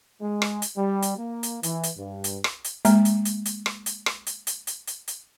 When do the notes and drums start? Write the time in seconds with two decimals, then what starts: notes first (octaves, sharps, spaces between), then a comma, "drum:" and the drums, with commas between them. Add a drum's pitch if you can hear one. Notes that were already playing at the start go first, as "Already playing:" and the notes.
0.22 G#3
0.42 drum: rim click
0.62 drum: hi-hat
0.77 G3
1.02 drum: hi-hat
1.18 A#3
1.43 drum: hi-hat
1.63 E3, drum: hi-hat
1.83 drum: hi-hat
1.97 G2
2.24 drum: hi-hat
2.44 drum: rim click
2.64 drum: hi-hat
2.85 G#3 A#3 A#5, drum: hi-hat
3.05 drum: hi-hat
3.25 drum: hi-hat
3.45 drum: hi-hat
3.66 drum: rim click
3.86 drum: hi-hat
4.06 drum: rim click
4.27 drum: hi-hat
4.47 drum: hi-hat
4.67 drum: hi-hat
4.87 drum: hi-hat
5.08 drum: hi-hat